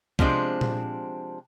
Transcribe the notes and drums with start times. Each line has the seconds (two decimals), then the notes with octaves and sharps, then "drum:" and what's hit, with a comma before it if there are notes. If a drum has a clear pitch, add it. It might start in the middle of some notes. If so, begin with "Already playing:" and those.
0.19 C3 F3 G#3 C4 D4, drum: kick
0.61 drum: tom A#2